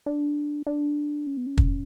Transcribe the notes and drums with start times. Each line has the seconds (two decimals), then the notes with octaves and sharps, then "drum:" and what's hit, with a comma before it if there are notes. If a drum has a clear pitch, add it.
0.06 D4
0.67 D4
1.27 C#4
1.37 B3
1.46 C#4
1.58 drum: kick